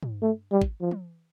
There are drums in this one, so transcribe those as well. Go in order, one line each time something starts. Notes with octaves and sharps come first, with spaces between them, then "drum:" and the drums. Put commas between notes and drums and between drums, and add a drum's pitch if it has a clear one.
drum: tom
A3
G3
drum: kick
F3
drum: tom